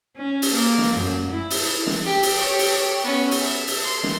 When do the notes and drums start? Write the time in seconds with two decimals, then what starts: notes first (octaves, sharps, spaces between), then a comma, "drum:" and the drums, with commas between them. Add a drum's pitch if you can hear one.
0.17 C#4
0.42 drum: open hi-hat
0.53 A#3
0.78 drum: snare
0.96 F#2
1.31 E4
1.50 drum: open hi-hat
1.87 drum: snare
2.05 G4
2.23 drum: open hi-hat
2.38 G4 C#5
2.59 drum: open hi-hat
3.04 B3 C#4
3.31 drum: open hi-hat
3.41 E5
3.67 drum: open hi-hat
3.84 C6
4.03 drum: snare